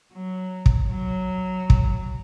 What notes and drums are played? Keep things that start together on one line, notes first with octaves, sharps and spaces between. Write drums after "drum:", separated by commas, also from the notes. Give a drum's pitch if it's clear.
F#3
drum: kick
F#3
drum: kick